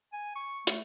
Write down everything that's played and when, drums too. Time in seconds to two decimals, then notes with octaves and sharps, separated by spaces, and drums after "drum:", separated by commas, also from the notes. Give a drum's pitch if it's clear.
0.13 G#5
0.36 C#6
0.67 A3, drum: hi-hat